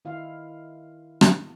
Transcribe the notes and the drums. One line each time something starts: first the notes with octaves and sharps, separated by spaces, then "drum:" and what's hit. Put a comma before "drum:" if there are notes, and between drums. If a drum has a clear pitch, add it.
D#3 E4 F5
drum: rim click